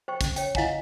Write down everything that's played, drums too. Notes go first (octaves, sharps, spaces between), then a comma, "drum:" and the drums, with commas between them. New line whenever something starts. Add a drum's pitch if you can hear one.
C5 G5 C#6
C#4, drum: kick, hi-hat
C#5 G5, drum: hi-hat
E4 D#5 F5 F#5 G#5 A#5, drum: kick